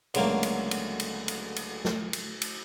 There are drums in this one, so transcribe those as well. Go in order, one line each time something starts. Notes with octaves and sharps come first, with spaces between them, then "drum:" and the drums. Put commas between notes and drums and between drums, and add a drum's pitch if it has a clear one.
C#2 D3 F#3 A3 A#3, drum: cymbal
drum: cymbal
drum: cymbal
drum: cymbal
drum: cymbal
drum: cymbal
drum: snare
drum: cymbal
drum: cymbal